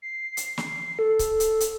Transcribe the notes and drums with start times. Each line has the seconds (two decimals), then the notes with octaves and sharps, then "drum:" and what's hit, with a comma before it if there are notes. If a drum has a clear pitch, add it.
0.02 C7
0.37 drum: hi-hat
0.58 drum: snare
0.99 A4
1.19 drum: kick C#1, hi-hat
1.40 drum: hi-hat
1.60 drum: hi-hat